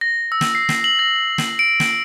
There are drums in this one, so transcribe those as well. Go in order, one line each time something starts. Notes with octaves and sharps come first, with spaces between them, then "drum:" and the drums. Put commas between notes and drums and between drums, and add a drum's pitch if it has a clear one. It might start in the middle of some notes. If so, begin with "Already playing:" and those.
A#6
E6
drum: snare
C7
drum: snare
F#7
A#6
drum: snare
D7
drum: snare